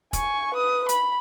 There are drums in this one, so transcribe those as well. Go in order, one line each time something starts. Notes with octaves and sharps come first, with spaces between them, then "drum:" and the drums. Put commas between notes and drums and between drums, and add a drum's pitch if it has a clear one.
G#5 C#6, drum: kick, hi-hat
B4 D#6
B5, drum: hi-hat